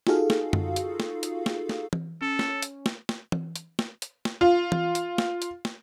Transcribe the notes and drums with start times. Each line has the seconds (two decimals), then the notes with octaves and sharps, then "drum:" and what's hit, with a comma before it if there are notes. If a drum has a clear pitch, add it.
0.07 D#4 F4 F#4 G#4 A4 F5, drum: snare
0.30 drum: snare
0.53 drum: tom F#2
0.76 drum: hi-hat
1.00 drum: snare
1.23 drum: hi-hat
1.46 drum: snare
1.69 drum: snare
1.93 drum: tom E3
2.22 C#4 A4
2.39 drum: snare
2.62 drum: hi-hat
2.86 drum: snare
3.09 drum: snare
3.32 drum: tom E3
3.56 drum: hi-hat
3.79 drum: snare
4.02 drum: hi-hat
4.25 drum: snare
4.41 F4
4.72 drum: tom E3
4.95 drum: hi-hat
5.18 drum: snare
5.42 drum: hi-hat
5.65 drum: snare